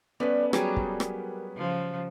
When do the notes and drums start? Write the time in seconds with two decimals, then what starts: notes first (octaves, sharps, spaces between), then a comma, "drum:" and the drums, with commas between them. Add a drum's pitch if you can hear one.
0.20 G3 A3 B3 C#4 B4
0.53 F#3 G3 A#3 G4 G#4 D5, drum: rim click
0.77 drum: kick
1.00 drum: rim click
1.56 C#3 F3